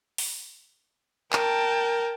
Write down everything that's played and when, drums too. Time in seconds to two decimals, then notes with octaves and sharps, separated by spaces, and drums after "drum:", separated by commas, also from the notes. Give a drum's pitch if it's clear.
0.18 drum: open hi-hat
1.33 A#4 G5 A5, drum: clap